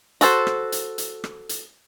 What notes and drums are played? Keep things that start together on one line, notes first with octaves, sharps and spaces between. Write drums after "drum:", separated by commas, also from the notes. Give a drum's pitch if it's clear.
F#4 A4 C5, drum: hi-hat
drum: rim click
drum: hi-hat
drum: hi-hat
drum: rim click
drum: hi-hat